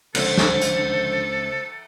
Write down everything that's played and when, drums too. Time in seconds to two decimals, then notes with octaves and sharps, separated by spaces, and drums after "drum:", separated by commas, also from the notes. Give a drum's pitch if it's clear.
0.15 C#2 D3 F3 A4 C5, drum: cymbal
0.38 drum: snare
0.62 drum: hi-hat